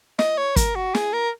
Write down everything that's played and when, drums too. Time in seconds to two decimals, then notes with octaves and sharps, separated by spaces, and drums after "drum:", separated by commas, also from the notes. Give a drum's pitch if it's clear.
0.19 D#5, drum: snare
0.38 C#5
0.56 A#4, drum: kick, hi-hat
0.75 F#4
0.95 G#4, drum: snare
1.13 A#4